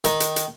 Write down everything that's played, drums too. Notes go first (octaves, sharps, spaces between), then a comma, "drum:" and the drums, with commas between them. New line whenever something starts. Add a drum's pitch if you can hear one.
D#3, drum: hi-hat
drum: hi-hat
drum: hi-hat